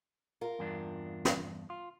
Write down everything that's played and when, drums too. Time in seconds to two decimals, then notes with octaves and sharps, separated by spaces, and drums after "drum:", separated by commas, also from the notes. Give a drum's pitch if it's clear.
0.41 F4 A#4
0.59 E2 G2 D4
1.25 drum: snare
1.70 F4